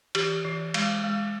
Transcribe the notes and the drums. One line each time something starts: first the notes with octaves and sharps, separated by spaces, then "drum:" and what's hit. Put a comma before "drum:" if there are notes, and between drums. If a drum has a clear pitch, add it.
E3 G4, drum: cymbal
E3
G#3, drum: cymbal
G#3